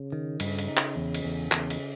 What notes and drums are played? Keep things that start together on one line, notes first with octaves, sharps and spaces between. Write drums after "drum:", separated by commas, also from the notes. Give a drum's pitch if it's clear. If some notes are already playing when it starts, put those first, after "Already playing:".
Already playing: C#3
D#3
G2 C#3, drum: cymbal
drum: cymbal
D#4
drum: clap
E2
drum: cymbal
E2
E2 C#3, drum: clap
drum: cymbal